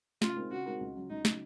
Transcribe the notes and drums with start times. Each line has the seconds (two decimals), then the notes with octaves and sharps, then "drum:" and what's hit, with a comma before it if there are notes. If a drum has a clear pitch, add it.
0.22 C#3 F4, drum: snare
0.36 G#3 C4 D#4 A#4
0.51 C#3 F#4
0.66 G#3 C4 D#4 A#4
0.81 C#2
0.96 C#3 F#3
1.10 C#2 D#4
1.25 C#3 F#3, drum: snare